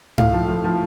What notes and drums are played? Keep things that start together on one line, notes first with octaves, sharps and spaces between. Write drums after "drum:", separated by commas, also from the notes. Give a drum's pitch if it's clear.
A2 F5, drum: tom G#2
F3
F3
F3